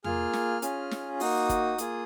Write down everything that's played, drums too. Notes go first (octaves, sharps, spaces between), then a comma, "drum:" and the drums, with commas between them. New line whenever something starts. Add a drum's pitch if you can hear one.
A#3 F4 G#4 F6, drum: tom E2
drum: snare
C#4 F4 G#4, drum: hi-hat
drum: snare
A#3 D#4 F#4 D#6, drum: open hi-hat
drum: kick, hi-hat
A#3 F4 G#4, drum: hi-hat